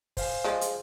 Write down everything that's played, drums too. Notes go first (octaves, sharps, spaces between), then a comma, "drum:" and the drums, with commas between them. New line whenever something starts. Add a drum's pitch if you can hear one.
C5 F5 G#5, drum: kick, open hi-hat
F3 G#3
drum: hi-hat